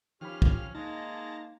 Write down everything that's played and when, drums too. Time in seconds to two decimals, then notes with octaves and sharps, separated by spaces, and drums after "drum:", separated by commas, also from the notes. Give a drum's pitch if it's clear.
0.21 D#3 F3 C#4 G4 B5 F6
0.42 drum: kick
0.75 G#3 A#3 D#4 A5 A#5